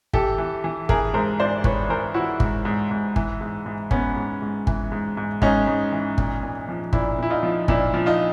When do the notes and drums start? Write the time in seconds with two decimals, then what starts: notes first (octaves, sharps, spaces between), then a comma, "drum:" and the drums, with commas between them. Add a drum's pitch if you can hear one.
0.13 E3 G4 A4, drum: kick G1
0.38 E3
0.64 E3
0.89 E3 G#4 A#4, drum: kick G1
1.14 G#2 A#4 C5
1.40 G#2 C5 D5
1.64 E3 B4 C#5, drum: kick G1
1.90 E3 A#4 C5
2.14 E3 E4 F#4
2.40 G#2, drum: kick G1
2.65 G#2
2.91 G#2
3.16 E3, drum: kick G1
3.41 G#2
3.66 G#2
3.91 G#2 B3 C#4, drum: kick G1
4.16 G#2
4.42 G#2
4.67 E3, drum: kick G1
4.92 G#2
5.17 G#2
5.42 G#2 C#4 D#4, drum: kick G1
5.67 G#2
5.92 E3
6.18 A#2, drum: kick G1
6.43 A#2
6.69 F3
6.93 A#2 D4 E4, drum: kick G1
7.18 A#2 E4
7.30 D#4 F4
7.43 F3
7.68 A#2 D4 E4, drum: kick G1
7.94 F3
8.06 D#4 F4